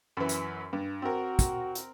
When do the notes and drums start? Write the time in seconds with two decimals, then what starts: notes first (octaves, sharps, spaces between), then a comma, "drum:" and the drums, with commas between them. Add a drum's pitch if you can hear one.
0.17 F#2 E3
0.29 drum: hi-hat
0.73 G2
1.02 C4 F#4 A#4
1.39 drum: kick, hi-hat
1.75 drum: hi-hat